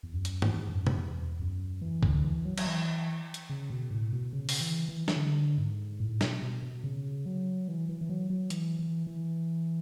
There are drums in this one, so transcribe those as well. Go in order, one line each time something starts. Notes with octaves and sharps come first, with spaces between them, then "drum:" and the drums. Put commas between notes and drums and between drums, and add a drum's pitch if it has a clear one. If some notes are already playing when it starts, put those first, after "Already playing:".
E2
F#2
drum: hi-hat
G#2, drum: tom
F#2
drum: tom
E2
F#2
E3
D3, drum: kick C2
E3
F#3
F#3, drum: cymbal
E3
drum: hi-hat
C#3
B2
A2
B2
C#3
drum: open hi-hat
E3
E3
E3, drum: snare
D3
G#2
A2
B2, drum: snare
B2
B2
C#3
F#3
E3
E3
E3
F#3
F#3
E3, drum: hi-hat
E3
E3